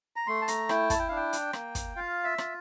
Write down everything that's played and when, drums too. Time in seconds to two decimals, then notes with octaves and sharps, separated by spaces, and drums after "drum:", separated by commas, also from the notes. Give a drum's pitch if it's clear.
0.16 A#5
0.27 A3 C6
0.42 A5
0.48 A#5, drum: hi-hat
0.69 E4 G5, drum: rim click
0.90 A5, drum: kick, hi-hat
0.99 G5
1.08 D4 F5
1.16 G5
1.33 drum: hi-hat
1.53 A#3, drum: rim click
1.75 drum: kick, hi-hat
1.96 F4 F5
2.24 E5
2.38 F4, drum: rim click